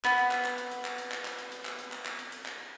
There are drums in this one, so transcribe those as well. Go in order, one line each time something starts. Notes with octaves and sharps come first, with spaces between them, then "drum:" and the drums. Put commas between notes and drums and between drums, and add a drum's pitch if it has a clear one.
B3 B5, drum: clap
drum: hi-hat
drum: clap
drum: clap
drum: hi-hat
drum: hi-hat
drum: clap
drum: hi-hat
drum: clap
drum: clap
drum: hi-hat
drum: hi-hat
drum: clap
drum: hi-hat
drum: clap
drum: clap
drum: hi-hat
drum: hi-hat
drum: clap